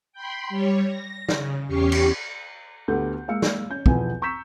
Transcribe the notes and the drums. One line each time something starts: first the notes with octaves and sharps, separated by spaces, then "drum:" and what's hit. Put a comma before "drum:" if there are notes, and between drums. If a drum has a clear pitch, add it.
G5 B5 C6
G3 C#5
A#6
C#3, drum: snare
E2 C#4 G4 C#6 C7
drum: cymbal
D2 B3 G4 A4 G6
G#3 A#3 F5 E6 C#7
drum: snare
C#4 G6
B1 E2 F3 B4 G#5, drum: kick
A#5 C#6 E6 G6 B6 E7